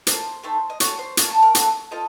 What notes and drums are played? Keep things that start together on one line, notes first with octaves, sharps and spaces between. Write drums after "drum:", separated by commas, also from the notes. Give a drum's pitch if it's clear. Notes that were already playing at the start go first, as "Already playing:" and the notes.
A#3 F4 A4 C5, drum: hi-hat
A3 C4 D#4 A4
D#5
C#4 F#4 A4 C#5, drum: hi-hat
C5
A3 C#4 F4 A#4, drum: hi-hat
A4
A#4
C4 F#4 A4, drum: hi-hat
C4 F4 A4 D#5